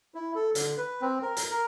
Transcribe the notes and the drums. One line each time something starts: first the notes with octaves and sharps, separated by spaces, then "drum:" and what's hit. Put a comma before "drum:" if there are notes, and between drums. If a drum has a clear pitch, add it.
E4
A4
D3, drum: hi-hat
B4
C4
A#4
drum: hi-hat
A#4